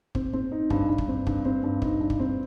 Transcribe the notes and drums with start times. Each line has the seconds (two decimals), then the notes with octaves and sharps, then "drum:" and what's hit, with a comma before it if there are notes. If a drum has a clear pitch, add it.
0.15 C4, drum: kick
0.33 C4
0.52 D#4
0.70 G2, drum: kick
0.89 G2
0.98 drum: kick
1.08 C4
1.27 G2, drum: kick
1.45 C4
1.64 G2
1.82 D#4, drum: kick
2.00 G2
2.10 drum: kick
2.19 C4